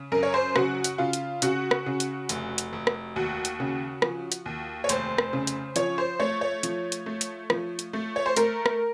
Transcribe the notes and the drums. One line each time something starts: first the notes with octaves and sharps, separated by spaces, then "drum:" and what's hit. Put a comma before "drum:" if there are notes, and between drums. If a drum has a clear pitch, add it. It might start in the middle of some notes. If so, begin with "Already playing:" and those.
Already playing: C#3
F#2 A#4
C#5
C5
C#3 F#4, drum: rim click
drum: hi-hat
C#3 F4
drum: hi-hat
C#3 F#4, drum: hi-hat
drum: rim click
C#3
drum: hi-hat
F1, drum: hi-hat
drum: hi-hat
F1
drum: rim click
D#2 F#4
drum: hi-hat
C#3
F3, drum: rim click
drum: hi-hat
D#2
C#5
F1 C5, drum: hi-hat
drum: rim click
C#3
drum: hi-hat
F3 C#5, drum: hi-hat
C5
A3 C#5
C#5
F3, drum: hi-hat
drum: hi-hat
A3
drum: hi-hat
F3, drum: rim click
drum: hi-hat
A3
C#5
C5
A3 A#4, drum: hi-hat
drum: rim click